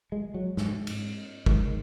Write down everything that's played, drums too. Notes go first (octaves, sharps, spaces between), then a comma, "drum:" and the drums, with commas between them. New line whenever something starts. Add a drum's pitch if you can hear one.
G#3
F#3
G#2, drum: snare
drum: cymbal
G#2 D#3, drum: kick